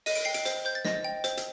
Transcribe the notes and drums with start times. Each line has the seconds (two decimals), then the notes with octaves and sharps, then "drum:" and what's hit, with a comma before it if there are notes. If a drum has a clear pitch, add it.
0.06 D#5 D#7, drum: open hi-hat
0.15 D7
0.25 G5 C7
0.34 D7, drum: hi-hat
0.45 C5, drum: hi-hat
0.65 C5 G6
0.75 A6
0.85 D#5 A#6, drum: snare
1.05 G5
1.24 C5, drum: hi-hat
1.37 drum: hi-hat